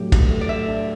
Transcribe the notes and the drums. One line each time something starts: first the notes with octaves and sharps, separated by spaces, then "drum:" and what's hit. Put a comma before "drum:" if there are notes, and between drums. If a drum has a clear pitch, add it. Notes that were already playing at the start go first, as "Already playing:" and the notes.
Already playing: A2 F#3 A3 D4 G4
D4, drum: kick, cymbal
A3
D5
A3 E5
D4